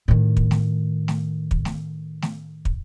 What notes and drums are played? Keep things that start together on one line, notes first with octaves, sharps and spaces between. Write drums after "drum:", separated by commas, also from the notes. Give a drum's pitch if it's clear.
A2 D#3
drum: kick
drum: snare A3
drum: snare A3
drum: kick
drum: snare A3
drum: snare A3
drum: kick